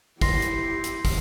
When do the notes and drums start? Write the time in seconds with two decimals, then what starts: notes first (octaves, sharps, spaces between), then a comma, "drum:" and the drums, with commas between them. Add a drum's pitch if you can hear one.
0.21 E4 G4 C6 A#6 C7, drum: kick, open hi-hat
0.42 drum: hi-hat
0.84 drum: hi-hat
1.05 drum: kick, open hi-hat